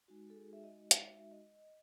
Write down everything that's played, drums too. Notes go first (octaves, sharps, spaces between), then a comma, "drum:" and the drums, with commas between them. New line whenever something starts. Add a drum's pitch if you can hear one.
G#3 D#4 F#4
A4
G#4
E5
D#5
E5, drum: hi-hat
D#5